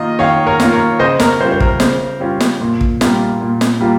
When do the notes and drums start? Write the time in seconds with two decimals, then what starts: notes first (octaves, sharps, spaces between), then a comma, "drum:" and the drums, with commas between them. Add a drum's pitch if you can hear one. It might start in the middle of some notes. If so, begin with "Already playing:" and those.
Already playing: D#3 A#3 F4 D#5
0.19 D#3 C#5 F5
0.47 A#4 C#5
0.60 A#3 F4, drum: snare
0.72 A#4 C#5
0.99 C#3 C5 D#5
1.20 A#4 C#5, drum: snare
1.40 G3 C#4 F4 C5
1.52 C5
1.60 A#4, drum: kick
1.80 C#3 C5, drum: snare
2.20 G3 C#4 F4
2.40 drum: snare
2.60 A#2
2.81 drum: kick
3.01 G3 A#3 F4, drum: snare
3.41 A#2
3.61 drum: snare
3.80 G3 A#3 F4